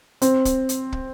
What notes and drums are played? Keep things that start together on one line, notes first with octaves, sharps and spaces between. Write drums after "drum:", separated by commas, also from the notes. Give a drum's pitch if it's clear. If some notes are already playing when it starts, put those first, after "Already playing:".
C4, drum: hi-hat
drum: kick, hi-hat
drum: hi-hat
drum: kick